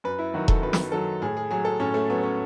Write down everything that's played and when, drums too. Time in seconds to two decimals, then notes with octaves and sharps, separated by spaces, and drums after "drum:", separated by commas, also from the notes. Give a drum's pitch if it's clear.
0.04 F#2 B4
0.19 E4
0.34 D#3 F#3 F#4
0.48 A4, drum: kick E1
0.62 F#2 B4
0.73 drum: snare
0.92 D#3 F#3 A4
1.22 A2 G#4
1.37 G#4
1.51 F#3 G#4
1.65 A4
1.80 A2 C#4
1.94 A3
2.10 F#3 B3
2.23 C#4